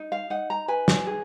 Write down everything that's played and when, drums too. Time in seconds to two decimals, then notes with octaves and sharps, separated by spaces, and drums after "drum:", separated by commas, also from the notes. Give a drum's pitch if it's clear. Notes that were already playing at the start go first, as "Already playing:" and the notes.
Already playing: D#4
0.12 F5
0.30 D#4 F#5
0.50 A#5
0.68 B4 G#5
0.88 drum: snare
1.07 G#4